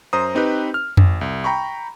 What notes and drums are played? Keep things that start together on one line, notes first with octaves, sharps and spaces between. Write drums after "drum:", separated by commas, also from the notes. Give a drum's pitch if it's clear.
F#2 C5 A#5 D#6
C4 D#4 G4 B4
F6
G#1, drum: tom F2
C2
G5 A#5 B5 C#6